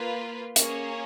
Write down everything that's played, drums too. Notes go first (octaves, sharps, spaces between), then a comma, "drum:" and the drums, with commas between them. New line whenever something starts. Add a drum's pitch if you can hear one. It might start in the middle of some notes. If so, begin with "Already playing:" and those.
Already playing: A#3 F4 B4
A#3 C#4 G#4 C#5, drum: hi-hat